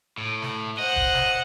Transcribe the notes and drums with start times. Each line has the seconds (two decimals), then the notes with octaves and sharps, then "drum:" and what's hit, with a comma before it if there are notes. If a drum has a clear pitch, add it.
0.18 A2
0.42 drum: snare
0.78 C5 D#5 F#5
0.96 drum: kick
1.14 drum: snare